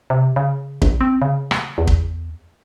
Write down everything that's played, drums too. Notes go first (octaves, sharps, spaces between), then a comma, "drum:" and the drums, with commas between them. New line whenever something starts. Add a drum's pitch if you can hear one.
C3
C#3
A#1, drum: kick
C4
C#3
drum: rim click
E2
drum: kick